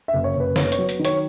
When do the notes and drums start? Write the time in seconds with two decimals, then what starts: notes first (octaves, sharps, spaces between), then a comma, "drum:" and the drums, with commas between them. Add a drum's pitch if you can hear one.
0.08 E5
0.13 F#1
0.24 C#5
0.35 F#1 B4
0.56 B3 C#5, drum: snare
0.72 C#5, drum: hi-hat
0.78 F#3
0.89 drum: hi-hat
0.99 D#3
1.05 C#5, drum: hi-hat